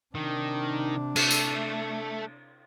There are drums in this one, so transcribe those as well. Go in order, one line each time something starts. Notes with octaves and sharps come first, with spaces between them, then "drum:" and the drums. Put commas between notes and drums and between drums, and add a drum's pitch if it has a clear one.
C3 D#3 D4
A3, drum: cymbal
drum: tambourine